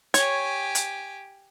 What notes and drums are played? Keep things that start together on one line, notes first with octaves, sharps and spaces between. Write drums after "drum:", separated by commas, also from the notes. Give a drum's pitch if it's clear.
G4 C#5 G#5, drum: hi-hat
drum: hi-hat